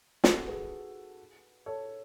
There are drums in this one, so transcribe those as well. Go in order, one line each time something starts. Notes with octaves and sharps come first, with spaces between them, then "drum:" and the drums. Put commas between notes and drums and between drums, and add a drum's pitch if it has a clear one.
F#4 A4, drum: snare
G#4 B4
A4 C#5